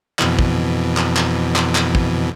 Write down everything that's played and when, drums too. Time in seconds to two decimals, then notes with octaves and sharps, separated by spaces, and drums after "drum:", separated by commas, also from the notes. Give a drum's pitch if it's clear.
0.19 F2 B2 E3, drum: clap
0.39 drum: kick
0.97 drum: clap
1.17 drum: clap
1.56 drum: clap
1.75 drum: clap
1.95 drum: kick